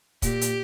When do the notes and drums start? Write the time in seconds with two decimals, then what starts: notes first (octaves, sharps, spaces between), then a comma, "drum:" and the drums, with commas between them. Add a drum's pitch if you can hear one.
0.22 A#2 G4, drum: kick, hi-hat
0.41 drum: hi-hat